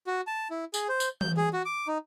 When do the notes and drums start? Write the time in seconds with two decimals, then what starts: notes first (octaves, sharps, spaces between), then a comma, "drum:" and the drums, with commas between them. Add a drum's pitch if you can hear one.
0.07 F#4
0.27 A5
0.50 E4
0.74 G#4, drum: tambourine
0.89 C5
1.00 drum: tambourine
1.21 G6, drum: tom E3
1.37 G#4
1.53 F#4
1.65 D6
1.87 D#4